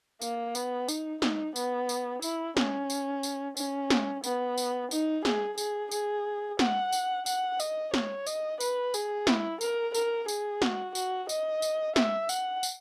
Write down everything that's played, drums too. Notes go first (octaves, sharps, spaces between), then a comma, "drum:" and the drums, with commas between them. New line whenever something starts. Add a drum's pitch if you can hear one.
A#3, drum: tambourine
B3, drum: tambourine
D#4, drum: tambourine
D#4, drum: snare
B3, drum: tambourine
drum: tambourine
E4, drum: tambourine
C#4, drum: snare
drum: tambourine
drum: tambourine
C#4, drum: tambourine
drum: snare
B3, drum: tambourine
drum: tambourine
D#4, drum: tambourine
G#4, drum: snare
G#4, drum: tambourine
G#4, drum: tambourine
F#5, drum: snare
drum: tambourine
F#5, drum: tambourine
D#5, drum: tambourine
C#5, drum: snare
D#5, drum: tambourine
B4, drum: tambourine
G#4, drum: tambourine
E4, drum: snare
A#4, drum: tambourine
A#4, drum: tambourine
G#4, drum: tambourine
F#4, drum: snare
F#4, drum: tambourine
D#5, drum: tambourine
drum: tambourine
E5, drum: snare
F#5, drum: tambourine
drum: tambourine